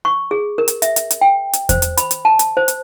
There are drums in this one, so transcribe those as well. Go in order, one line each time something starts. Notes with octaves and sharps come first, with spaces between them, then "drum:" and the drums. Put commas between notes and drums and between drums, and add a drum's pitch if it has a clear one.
C#6
G#4
A#4
drum: hi-hat
E5, drum: hi-hat
drum: hi-hat
drum: hi-hat
G5
drum: hi-hat
C5, drum: kick E2, hi-hat
drum: hi-hat
B5, drum: hi-hat
drum: hi-hat
A5
drum: hi-hat
C5
drum: hi-hat